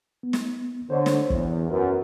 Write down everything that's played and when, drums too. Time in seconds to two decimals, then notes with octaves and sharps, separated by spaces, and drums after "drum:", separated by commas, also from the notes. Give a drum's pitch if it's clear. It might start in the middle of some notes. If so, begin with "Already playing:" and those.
0.23 B3
0.33 drum: snare
0.90 D3 C5 C#5
1.06 drum: snare
1.30 E2, drum: kick
1.70 F#2 F#4 A#4 B4